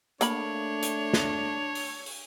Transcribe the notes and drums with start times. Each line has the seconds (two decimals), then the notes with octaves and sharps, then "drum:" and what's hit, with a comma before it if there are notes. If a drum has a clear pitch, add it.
0.21 A3 A#3 D4 C#5 B5, drum: hi-hat
0.83 drum: hi-hat
1.13 drum: snare
1.75 drum: open hi-hat
2.06 drum: open hi-hat